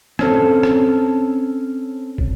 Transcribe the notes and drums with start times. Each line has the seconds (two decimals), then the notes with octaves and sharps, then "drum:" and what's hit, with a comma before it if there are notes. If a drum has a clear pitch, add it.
0.19 C4 C#4 A4, drum: rim click
0.63 drum: rim click
2.18 drum: kick